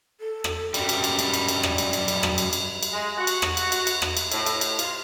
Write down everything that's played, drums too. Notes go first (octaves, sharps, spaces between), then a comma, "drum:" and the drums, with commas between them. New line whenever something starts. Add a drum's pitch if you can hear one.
A4
drum: rim click
F#2 G3, drum: cymbal
drum: cymbal
drum: cymbal
drum: cymbal
drum: cymbal
drum: cymbal
drum: rim click
drum: cymbal
drum: cymbal
drum: cymbal
drum: rim click
drum: cymbal
drum: cymbal
drum: cymbal
G#3
F#4
drum: cymbal
drum: rim click
drum: cymbal
drum: cymbal
drum: cymbal
drum: rim click
drum: cymbal
A2, drum: cymbal
drum: cymbal
drum: cymbal
F4, drum: cymbal